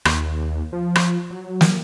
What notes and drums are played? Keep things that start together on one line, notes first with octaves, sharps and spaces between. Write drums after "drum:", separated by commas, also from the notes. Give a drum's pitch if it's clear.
D#2, drum: rim click
F3
drum: rim click
F#3
drum: snare